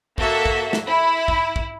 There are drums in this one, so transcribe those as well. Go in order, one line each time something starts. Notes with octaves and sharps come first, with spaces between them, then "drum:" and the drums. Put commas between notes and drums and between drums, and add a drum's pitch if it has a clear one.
A#3 F#4 A4 E5, drum: kick
drum: kick
drum: snare
E4
drum: kick
drum: kick